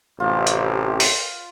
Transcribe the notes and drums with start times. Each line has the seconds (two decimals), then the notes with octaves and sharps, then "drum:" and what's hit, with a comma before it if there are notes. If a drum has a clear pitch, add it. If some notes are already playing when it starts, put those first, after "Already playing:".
0.20 A1 C3 F4
0.47 drum: hi-hat
1.00 drum: open hi-hat